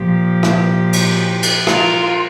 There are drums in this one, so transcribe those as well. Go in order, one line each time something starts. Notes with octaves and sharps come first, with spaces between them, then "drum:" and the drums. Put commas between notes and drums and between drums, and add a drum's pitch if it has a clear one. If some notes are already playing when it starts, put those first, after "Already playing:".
Already playing: A#2 F3 G4
drum: rim click
drum: cymbal
drum: cymbal
F4 A#4, drum: rim click